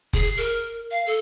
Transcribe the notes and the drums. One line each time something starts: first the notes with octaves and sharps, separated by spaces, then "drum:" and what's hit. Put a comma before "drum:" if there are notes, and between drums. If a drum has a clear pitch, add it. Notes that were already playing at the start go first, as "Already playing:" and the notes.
G#4, drum: kick F1
A#4
F5
A4